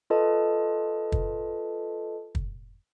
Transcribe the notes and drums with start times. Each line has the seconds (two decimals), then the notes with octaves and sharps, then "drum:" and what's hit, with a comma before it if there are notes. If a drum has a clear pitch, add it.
0.10 F4 A4 B4 D#5 A5
1.12 drum: kick
2.35 drum: kick